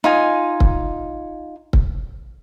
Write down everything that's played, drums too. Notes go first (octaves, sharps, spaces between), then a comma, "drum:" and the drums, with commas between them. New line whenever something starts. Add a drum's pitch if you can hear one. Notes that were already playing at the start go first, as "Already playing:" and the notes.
D#4 F4 G#5
drum: kick C#1
drum: kick C#1